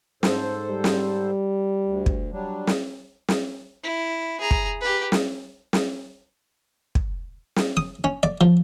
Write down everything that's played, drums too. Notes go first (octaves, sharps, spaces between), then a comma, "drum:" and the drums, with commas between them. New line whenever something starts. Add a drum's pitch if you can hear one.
G#2 A4 C5, drum: snare
G3
drum: snare
D2
drum: kick
F#3 G3 D4
drum: snare
drum: snare
E4
G#4 A#5
drum: kick
G4 B4
drum: snare
drum: snare
drum: kick
drum: snare
D#6
C#4
D5
F3